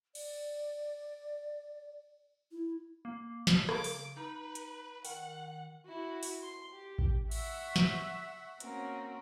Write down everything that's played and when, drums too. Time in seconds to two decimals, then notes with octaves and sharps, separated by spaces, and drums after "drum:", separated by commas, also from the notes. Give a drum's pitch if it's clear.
0.15 D5, drum: cymbal
2.51 E4
3.05 A#3
3.47 drum: snare
3.69 C#3 D6, drum: rim click
3.84 drum: open hi-hat
4.17 D#4 B4
4.55 drum: hi-hat
5.05 D#3 F#5, drum: open hi-hat
5.85 E4 F#4
6.23 drum: open hi-hat
6.43 C6
6.73 G4
6.99 drum: kick A1
7.31 E5 F#5 C#6 E6, drum: cymbal
7.76 drum: snare
8.60 A#3 C4 C#4 F#4 A#4, drum: hi-hat